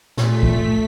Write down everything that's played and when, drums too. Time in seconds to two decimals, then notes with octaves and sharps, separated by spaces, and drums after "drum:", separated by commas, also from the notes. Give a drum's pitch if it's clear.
0.17 A#2 A3 B6, drum: snare
0.43 drum: kick